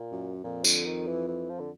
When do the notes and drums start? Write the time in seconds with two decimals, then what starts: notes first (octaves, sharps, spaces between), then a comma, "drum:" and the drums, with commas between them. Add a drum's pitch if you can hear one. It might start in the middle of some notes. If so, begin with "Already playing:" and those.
Already playing: A#2
0.12 F#2
0.44 F2 A#2
0.64 D3, drum: tambourine
0.86 D#3
1.07 E3
1.28 E3
1.49 F3
1.59 D3